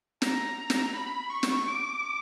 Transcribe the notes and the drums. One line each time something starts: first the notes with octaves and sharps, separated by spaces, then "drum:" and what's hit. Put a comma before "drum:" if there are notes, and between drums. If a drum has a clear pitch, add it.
A#5, drum: snare
drum: snare
B5
C#6
drum: snare
D6